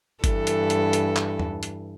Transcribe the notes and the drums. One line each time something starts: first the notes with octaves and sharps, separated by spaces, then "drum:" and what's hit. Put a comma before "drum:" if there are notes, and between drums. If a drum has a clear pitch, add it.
G2 E3 A4, drum: kick G1, hi-hat
drum: hi-hat
drum: hi-hat
drum: hi-hat
drum: clap
drum: tom E2
drum: hi-hat